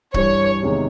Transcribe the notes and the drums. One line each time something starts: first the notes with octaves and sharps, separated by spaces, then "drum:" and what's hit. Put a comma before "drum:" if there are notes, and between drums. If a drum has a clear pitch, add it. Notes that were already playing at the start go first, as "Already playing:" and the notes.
G2 E3 G3 C#5, drum: kick C#1
E2 C3 D#3 G#3